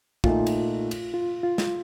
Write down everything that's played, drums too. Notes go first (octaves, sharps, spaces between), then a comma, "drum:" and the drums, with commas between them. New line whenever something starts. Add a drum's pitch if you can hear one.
A#2 A3 D#4 F4, drum: kick
drum: cymbal
drum: cymbal
F4
F4
drum: snare